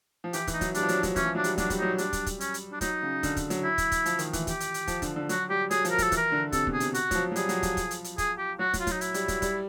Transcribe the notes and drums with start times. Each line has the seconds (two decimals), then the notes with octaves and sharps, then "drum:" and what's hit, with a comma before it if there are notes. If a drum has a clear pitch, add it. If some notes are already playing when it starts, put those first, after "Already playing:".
0.24 F3
0.33 E3 G4, drum: hi-hat
0.47 E3, drum: kick, hi-hat
0.54 D#4
0.61 F#3, drum: kick, hi-hat
0.74 G3 D4, drum: hi-hat
0.82 F3
0.89 F#3, drum: hi-hat
1.03 F#3, drum: kick, hi-hat
1.16 E3 C#4, drum: kick, hi-hat
1.25 F3
1.35 F#3 D4
1.44 G3, drum: hi-hat
1.58 F#3 D4, drum: kick, hi-hat
1.70 G3, drum: kick, hi-hat
1.79 F#3 D#4
1.98 G3 D4, drum: hi-hat
2.13 drum: kick, hi-hat
2.26 drum: kick, hi-hat
2.40 C#4, drum: hi-hat
2.54 drum: hi-hat
2.72 D4
2.81 F#3 D#4, drum: kick, hi-hat
3.03 C#3
3.23 D3, drum: kick, hi-hat
3.37 drum: kick, hi-hat
3.50 F#3, drum: hi-hat
3.64 E4
3.78 drum: kick, hi-hat
3.92 drum: kick, hi-hat
4.06 F3, drum: hi-hat
4.19 D#3, drum: hi-hat
4.33 E3, drum: kick, hi-hat
4.47 G4, drum: kick, hi-hat
4.60 drum: hi-hat
4.74 drum: hi-hat
4.87 F3, drum: kick, hi-hat
5.02 D3, drum: kick, hi-hat
5.16 D3
5.29 F#3 F#4, drum: hi-hat
5.50 G3 G4
5.71 F#3 G#4, drum: hi-hat
5.85 F3, drum: hi-hat
5.91 A#4
5.98 F3, drum: kick, hi-hat
6.03 A4
6.12 E3, drum: kick, hi-hat
6.17 A#4
6.32 D3
6.52 C3 A4, drum: kick, hi-hat
6.67 B2, drum: kick
6.74 G#4
6.80 C3, drum: hi-hat
6.94 F#4, drum: hi-hat
7.11 F#3, drum: kick, hi-hat
7.15 F3
7.32 F#3
7.36 G3 G#4, drum: hi-hat
7.49 F#3, drum: hi-hat
7.63 F3, drum: kick, hi-hat
7.77 drum: kick, hi-hat
7.91 drum: hi-hat
8.04 drum: hi-hat
8.18 G#4, drum: kick, hi-hat
8.38 G4
8.59 F#3 F#4
8.74 F#3, drum: kick, hi-hat
8.81 F4
8.87 F#3, drum: kick, hi-hat
8.91 D#4
9.01 E4, drum: hi-hat
9.14 G3, drum: hi-hat
9.28 F#3, drum: kick, hi-hat
9.42 G3, drum: kick, hi-hat